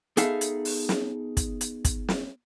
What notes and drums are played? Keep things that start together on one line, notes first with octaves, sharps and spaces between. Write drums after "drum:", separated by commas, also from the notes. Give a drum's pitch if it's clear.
B3 D#4 G#4 A4 E5 F5, drum: hi-hat
drum: hi-hat
drum: open hi-hat
drum: snare
drum: kick, hi-hat
drum: hi-hat
drum: kick, hi-hat
drum: snare